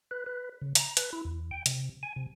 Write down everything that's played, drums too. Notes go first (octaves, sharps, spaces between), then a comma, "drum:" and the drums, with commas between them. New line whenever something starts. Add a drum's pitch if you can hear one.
B4
B4
C#3
A#5, drum: hi-hat
B4, drum: hi-hat
E4
E2
G5
C3, drum: hi-hat
G#5
C3